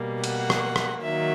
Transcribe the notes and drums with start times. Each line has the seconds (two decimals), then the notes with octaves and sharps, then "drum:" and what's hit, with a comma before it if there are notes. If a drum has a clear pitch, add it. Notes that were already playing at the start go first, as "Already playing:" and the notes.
Already playing: B2 G3 A#3
0.24 F#5, drum: cymbal
0.50 drum: rim click
0.76 drum: rim click
1.01 D#3 F#3 A#3 E5